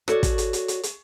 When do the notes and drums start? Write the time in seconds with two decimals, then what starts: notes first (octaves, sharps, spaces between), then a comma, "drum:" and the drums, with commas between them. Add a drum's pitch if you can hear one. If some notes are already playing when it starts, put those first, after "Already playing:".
0.08 F#4 A4 C#5 D5, drum: rim click
0.23 drum: kick, hi-hat
0.38 drum: hi-hat
0.53 drum: hi-hat
0.68 drum: hi-hat
0.83 drum: hi-hat